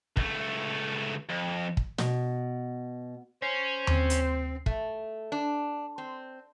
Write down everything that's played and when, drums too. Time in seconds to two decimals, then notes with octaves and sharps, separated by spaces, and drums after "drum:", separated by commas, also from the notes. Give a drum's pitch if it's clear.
0.17 C#2 A3, drum: kick
1.30 F2
1.77 drum: kick
1.98 B2, drum: snare
3.42 C#4 C5 C7
3.87 C4, drum: tom D#2
4.10 drum: hi-hat
4.66 A3, drum: kick
5.32 D4
5.98 C4